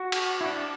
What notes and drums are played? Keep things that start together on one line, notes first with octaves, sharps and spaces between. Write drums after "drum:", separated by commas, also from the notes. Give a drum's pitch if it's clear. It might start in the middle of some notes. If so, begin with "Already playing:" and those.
Already playing: F#4
drum: cymbal
E4
D4